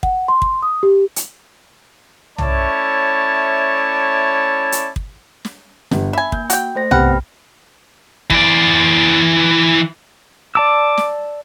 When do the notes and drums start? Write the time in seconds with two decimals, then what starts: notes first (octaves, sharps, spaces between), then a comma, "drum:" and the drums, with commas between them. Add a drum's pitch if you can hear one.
0.03 F#5, drum: kick
0.28 C6
0.42 drum: kick
0.63 D#6
0.83 G4
1.16 drum: hi-hat
2.38 A3 C#4 E4 C#5 D5 A5, drum: tom B1
4.72 drum: hi-hat
4.96 drum: kick
5.45 drum: snare
5.91 G1 G3, drum: snare
6.13 E5 G#5 B5
6.32 A#3 G6, drum: kick
6.50 F#4 G5, drum: hi-hat
6.75 A3 C5 A#6
6.91 C3 B3 F#5 G5 B5 F6, drum: tom B1
8.30 E3 D5, drum: kick
10.55 D5 A5 D6 E6
10.98 drum: snare